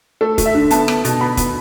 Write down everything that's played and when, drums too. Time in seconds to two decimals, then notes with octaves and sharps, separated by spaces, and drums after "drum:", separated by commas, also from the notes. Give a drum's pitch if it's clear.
0.21 A3 A4
0.38 A3, drum: kick, hi-hat
0.46 E5
0.55 D3
0.70 B3 A5, drum: hi-hat
0.88 B3, drum: rim click
1.05 B2, drum: hi-hat
1.20 B3 B5
1.37 B3, drum: kick, hi-hat